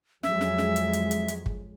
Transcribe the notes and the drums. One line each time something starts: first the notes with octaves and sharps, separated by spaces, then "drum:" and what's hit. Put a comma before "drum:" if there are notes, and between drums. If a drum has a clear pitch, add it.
F2 F#3 G#3 E5, drum: snare
drum: snare
drum: snare
drum: hi-hat
drum: hi-hat
drum: hi-hat
drum: hi-hat
drum: kick